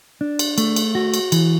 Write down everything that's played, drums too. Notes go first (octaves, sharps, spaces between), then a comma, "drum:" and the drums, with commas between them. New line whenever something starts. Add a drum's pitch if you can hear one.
D4
drum: cymbal
A3, drum: cymbal
drum: cymbal
F#4
drum: cymbal
E3, drum: cymbal